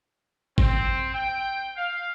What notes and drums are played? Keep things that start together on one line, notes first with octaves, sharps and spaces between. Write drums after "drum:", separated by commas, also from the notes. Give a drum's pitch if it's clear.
C4, drum: kick G#1
G5
F5